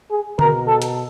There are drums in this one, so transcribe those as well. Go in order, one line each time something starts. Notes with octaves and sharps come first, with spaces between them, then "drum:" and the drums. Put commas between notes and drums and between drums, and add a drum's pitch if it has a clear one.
G#4
B2 A#4, drum: tom D3
A4
drum: hi-hat